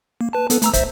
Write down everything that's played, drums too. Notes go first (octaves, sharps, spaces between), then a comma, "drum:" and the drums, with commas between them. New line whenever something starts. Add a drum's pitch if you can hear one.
A#3
B4 A5
B3 A4 B4, drum: hi-hat
A3 A#5 E6, drum: hi-hat
A#1 C5 E5, drum: kick, hi-hat